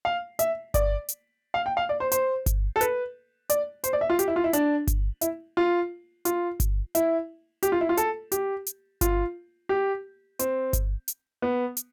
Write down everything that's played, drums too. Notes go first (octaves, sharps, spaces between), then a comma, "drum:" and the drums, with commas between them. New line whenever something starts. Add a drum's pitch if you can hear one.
F5
E5, drum: hi-hat
D5, drum: kick G1, hi-hat
drum: hi-hat
F5
G5
F5
D5
C5
C5, drum: hi-hat
drum: kick G1, hi-hat
A4
B4, drum: hi-hat
D5, drum: hi-hat
C5, drum: hi-hat
D5
E5
F4
G4, drum: hi-hat
E4
F4
E4
D4, drum: hi-hat
drum: kick G1, hi-hat
E4, drum: hi-hat
F4
F4, drum: hi-hat
drum: kick G1, hi-hat
E4, drum: hi-hat
G4, drum: hi-hat
F4
E4
F4
A4, drum: hi-hat
G4, drum: hi-hat
drum: hi-hat
F4, drum: kick G1, hi-hat
G4
C4, drum: hi-hat
drum: kick G1, hi-hat
drum: hi-hat
B3
drum: hi-hat